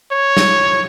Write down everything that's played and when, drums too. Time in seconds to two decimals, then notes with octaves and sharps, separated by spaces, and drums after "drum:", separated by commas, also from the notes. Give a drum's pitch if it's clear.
0.12 C#5
0.37 drum: snare